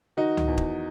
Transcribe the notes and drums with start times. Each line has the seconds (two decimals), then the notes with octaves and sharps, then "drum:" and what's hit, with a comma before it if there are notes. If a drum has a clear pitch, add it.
0.17 D#3 D#4 F#4
0.37 drum: tom C#2
0.48 E2
0.58 drum: kick